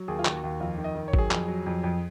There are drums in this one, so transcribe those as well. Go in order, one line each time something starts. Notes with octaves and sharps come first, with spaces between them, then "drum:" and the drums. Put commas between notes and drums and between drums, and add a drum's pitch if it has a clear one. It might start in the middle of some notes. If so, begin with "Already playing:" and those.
Already playing: F#3
D#2 G#4
F4
D#2 F#4, drum: clap
D#2
F2 F4
D#3
D#5
D#3
C#5
F#3 G#4, drum: kick G#1
F2, drum: clap
F#3
F2
F2